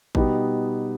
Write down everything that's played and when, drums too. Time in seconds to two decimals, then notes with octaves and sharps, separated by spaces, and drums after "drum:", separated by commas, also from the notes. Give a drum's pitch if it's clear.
0.15 B2 G3 B3 D#4 G4, drum: kick A1